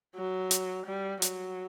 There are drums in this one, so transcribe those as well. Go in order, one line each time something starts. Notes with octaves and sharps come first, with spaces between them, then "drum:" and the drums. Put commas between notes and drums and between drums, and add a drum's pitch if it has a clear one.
F#3
drum: hi-hat
G3
F#3, drum: hi-hat